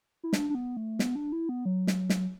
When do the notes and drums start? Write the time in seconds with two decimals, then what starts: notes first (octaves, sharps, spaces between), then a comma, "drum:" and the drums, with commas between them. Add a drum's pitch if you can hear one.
0.23 E4
0.33 D4, drum: snare
0.50 D4
0.55 B3
0.77 A3
0.99 B3, drum: snare
1.15 D4
1.32 E4
1.49 B3
1.65 F#3
1.87 drum: snare
2.09 drum: snare